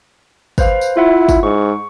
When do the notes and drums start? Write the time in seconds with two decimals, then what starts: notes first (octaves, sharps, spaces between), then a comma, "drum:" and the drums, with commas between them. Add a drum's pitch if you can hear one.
0.58 B4 C5 F5, drum: kick, tambourine
0.81 drum: tambourine
0.97 E4 F4 E5 F#5
1.29 drum: kick, tambourine
1.43 G#2 C#6